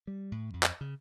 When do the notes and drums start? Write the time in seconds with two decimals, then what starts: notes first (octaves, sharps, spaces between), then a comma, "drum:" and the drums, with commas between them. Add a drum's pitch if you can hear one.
0.07 G3
0.32 A2
0.54 F2
0.63 drum: clap
0.81 C#3